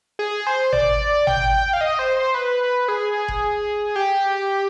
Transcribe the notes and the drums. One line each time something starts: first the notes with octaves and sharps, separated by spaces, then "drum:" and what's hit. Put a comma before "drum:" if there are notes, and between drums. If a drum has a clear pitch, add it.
G#4
C5
D5, drum: tom G#1
G5, drum: tom G#1
G5
F5
D#5
C5
C5
B4
G#4
drum: kick F#1
G4